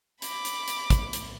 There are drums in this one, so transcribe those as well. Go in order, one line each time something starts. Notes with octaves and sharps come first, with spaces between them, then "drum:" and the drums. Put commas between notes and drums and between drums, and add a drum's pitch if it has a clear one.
B5 D6, drum: hi-hat
drum: hi-hat
drum: hi-hat
drum: kick, hi-hat
drum: hi-hat